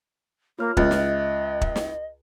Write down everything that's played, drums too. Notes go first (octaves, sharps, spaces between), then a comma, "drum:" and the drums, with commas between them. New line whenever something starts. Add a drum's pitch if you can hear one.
A#3 F4 C#5 F6
C#2 D#5 E5 F#6 A6, drum: kick
drum: snare
drum: kick
drum: snare